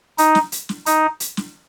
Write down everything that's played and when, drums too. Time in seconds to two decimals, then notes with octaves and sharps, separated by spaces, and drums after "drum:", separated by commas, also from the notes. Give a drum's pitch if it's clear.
0.18 D#4, drum: hi-hat
0.35 drum: snare
0.52 drum: hi-hat
0.69 drum: snare
0.86 D#4, drum: hi-hat
1.20 drum: hi-hat
1.37 drum: snare